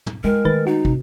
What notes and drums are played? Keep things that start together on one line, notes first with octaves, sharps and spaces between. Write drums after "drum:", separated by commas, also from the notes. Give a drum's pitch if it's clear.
drum: tom
G#3 E4 A#4 G5
D#3 A3 B4 A6
D#4 F#4
C3, drum: kick